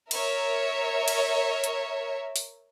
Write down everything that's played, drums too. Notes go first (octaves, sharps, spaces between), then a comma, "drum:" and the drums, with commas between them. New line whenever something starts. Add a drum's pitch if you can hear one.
A#4 C#5 E5, drum: cymbal
drum: cymbal
drum: hi-hat
drum: open hi-hat